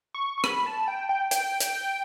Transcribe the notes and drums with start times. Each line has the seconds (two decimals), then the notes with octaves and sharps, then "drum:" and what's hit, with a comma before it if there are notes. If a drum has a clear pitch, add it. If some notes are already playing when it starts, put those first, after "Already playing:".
0.14 C#6
0.38 C#6
0.44 B5, drum: rim click
0.66 A5
0.88 G5
1.09 G5
1.31 G5, drum: hi-hat
1.60 drum: hi-hat